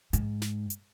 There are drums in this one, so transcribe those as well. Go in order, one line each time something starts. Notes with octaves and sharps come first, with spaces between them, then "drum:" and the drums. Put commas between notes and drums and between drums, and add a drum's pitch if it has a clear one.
G#2, drum: hi-hat
drum: snare
drum: hi-hat